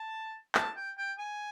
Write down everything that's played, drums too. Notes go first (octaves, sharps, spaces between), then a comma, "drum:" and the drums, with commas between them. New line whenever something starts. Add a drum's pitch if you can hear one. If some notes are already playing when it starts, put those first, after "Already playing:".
Already playing: A5
A5, drum: clap
G5
G5
G#5